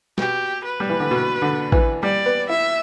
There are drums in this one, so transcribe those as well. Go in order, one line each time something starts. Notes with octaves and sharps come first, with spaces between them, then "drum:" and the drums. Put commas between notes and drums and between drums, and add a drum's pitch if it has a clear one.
B2 G4, drum: snare
B4
G3
E3
D3
B2
D3
E3, drum: kick A1
G3 D5
B3
E4 E5